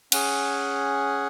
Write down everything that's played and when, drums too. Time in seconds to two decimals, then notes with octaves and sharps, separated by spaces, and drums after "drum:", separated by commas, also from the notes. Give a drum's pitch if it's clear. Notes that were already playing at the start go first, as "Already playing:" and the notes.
0.12 C#4 G#4 F#5, drum: cymbal